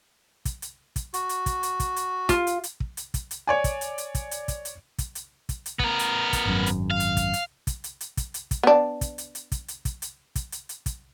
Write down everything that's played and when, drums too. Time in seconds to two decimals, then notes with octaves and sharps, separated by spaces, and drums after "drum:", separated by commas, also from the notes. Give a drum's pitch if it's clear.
0.45 drum: kick, hi-hat
0.62 drum: hi-hat
0.96 drum: kick, hi-hat
1.14 F#4, drum: hi-hat
1.29 drum: hi-hat
1.46 drum: kick, hi-hat
1.63 drum: hi-hat
1.80 drum: kick, hi-hat
1.96 drum: hi-hat
2.29 F4, drum: kick, hi-hat
2.47 drum: hi-hat
2.64 drum: hi-hat
2.80 drum: kick
2.97 drum: hi-hat
3.14 drum: kick, hi-hat
3.31 drum: hi-hat
3.47 C#5 D5 G#5
3.64 drum: kick, hi-hat
3.81 drum: hi-hat
3.98 drum: hi-hat
4.15 drum: kick, hi-hat
4.31 drum: hi-hat
4.48 drum: kick, hi-hat
4.65 drum: hi-hat
4.98 drum: kick, hi-hat
5.15 drum: hi-hat
5.49 drum: kick, hi-hat
5.66 drum: hi-hat
5.79 B3 A#4, drum: kick
5.99 drum: hi-hat
6.33 drum: kick, hi-hat
6.46 G#1 F#2
6.66 drum: hi-hat
6.91 F5
7.00 drum: hi-hat
7.17 drum: kick, hi-hat
7.33 drum: hi-hat
7.67 drum: kick, hi-hat
7.84 drum: hi-hat
8.01 drum: hi-hat
8.17 drum: kick, hi-hat
8.34 drum: hi-hat
8.51 drum: kick, hi-hat
8.63 B3 D4
9.01 drum: kick, hi-hat
9.18 drum: hi-hat
9.35 drum: hi-hat
9.52 drum: kick, hi-hat
9.68 drum: hi-hat
9.85 drum: kick, hi-hat
10.02 drum: hi-hat
10.36 drum: kick, hi-hat
10.52 drum: hi-hat
10.69 drum: hi-hat
10.86 drum: kick, hi-hat